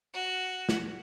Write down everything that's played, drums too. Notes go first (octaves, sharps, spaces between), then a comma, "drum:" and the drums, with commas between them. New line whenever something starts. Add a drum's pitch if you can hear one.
F#4
drum: snare